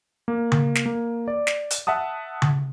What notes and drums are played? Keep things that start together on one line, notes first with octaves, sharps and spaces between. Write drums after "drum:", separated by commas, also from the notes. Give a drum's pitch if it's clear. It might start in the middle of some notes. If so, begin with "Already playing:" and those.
A#3
drum: tom C#3
drum: snare
A#3
D5
drum: snare
drum: hi-hat
E5 F#5 A5 D#6
drum: tom C#3